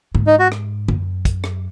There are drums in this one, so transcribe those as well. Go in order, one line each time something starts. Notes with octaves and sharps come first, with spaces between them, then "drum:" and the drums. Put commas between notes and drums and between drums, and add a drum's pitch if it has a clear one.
G#2, drum: tom
D#4
F#4
drum: rim click
F#2, drum: tom
drum: kick, hi-hat
drum: rim click